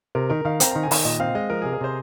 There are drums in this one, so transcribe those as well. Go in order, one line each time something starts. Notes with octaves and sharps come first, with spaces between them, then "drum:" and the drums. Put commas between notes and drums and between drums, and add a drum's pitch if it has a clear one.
C3 A#4
D#3 A#4
D#3 F5
C4 A#5, drum: hi-hat
D#3 A#5
G#5
D#3, drum: open hi-hat
A#2 D#5
C4 F5
G#3 D#5
F3 A#4
C3 G#4
A#4
C3 C5